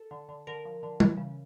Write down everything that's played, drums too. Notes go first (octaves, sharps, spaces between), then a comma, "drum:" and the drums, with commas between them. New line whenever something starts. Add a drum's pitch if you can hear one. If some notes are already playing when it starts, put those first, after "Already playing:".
Already playing: A4
D3
D3
D3 A#4
F3
D3
E3, drum: tom G3
C#3